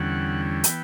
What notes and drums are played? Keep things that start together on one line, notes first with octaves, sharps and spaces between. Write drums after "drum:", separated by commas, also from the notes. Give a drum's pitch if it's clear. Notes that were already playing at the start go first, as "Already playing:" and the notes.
Already playing: E2 D3 G3 C#4 F#5
E3 B3 G5, drum: hi-hat